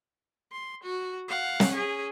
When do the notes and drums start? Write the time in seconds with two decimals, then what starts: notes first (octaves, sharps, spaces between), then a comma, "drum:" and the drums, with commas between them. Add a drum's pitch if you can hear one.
0.52 C6
0.83 F#4
1.28 F5 F#5
1.60 drum: snare
1.72 C#4 G#4